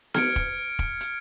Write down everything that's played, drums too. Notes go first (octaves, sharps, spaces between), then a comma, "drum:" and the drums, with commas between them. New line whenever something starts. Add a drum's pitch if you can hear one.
F6 G#6 C#7 D7, drum: snare B3
drum: kick E1
drum: kick E1
drum: hi-hat